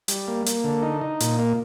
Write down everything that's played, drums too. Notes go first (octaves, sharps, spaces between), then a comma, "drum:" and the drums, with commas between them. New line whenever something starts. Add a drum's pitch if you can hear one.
G3, drum: hi-hat
A#3
A#3, drum: hi-hat
D3
D#4
D#4
A#2, drum: hi-hat
A#3